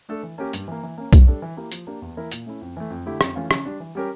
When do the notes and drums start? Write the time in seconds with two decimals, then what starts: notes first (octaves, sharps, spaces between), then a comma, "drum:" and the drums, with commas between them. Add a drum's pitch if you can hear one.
0.09 A3 D4 A4
0.23 E3
0.38 A#3 C#4 G4 A#4
0.53 G2, drum: hi-hat
0.68 E3 A#3
0.83 E3
0.98 A#3 C#4
1.13 A2, drum: kick B1, hi-hat
1.27 G3 D4 A4
1.42 E3
1.57 A#3 E4 G4
1.72 F3, drum: hi-hat
1.87 A#3 D4 G4
2.02 E2
2.17 E3 A#3 E4 A#4
2.32 A#2, drum: hi-hat
2.46 A3 C#4 E4
2.61 F2
2.77 E3 A3
2.90 F2
3.06 D3 A3 E4 G4
3.21 F2, drum: rim click
3.36 E3 A3 C#4 F4
3.51 C#3, drum: rim click
3.65 G3 D4
3.80 E3
3.95 G3 C#4 G4 A#4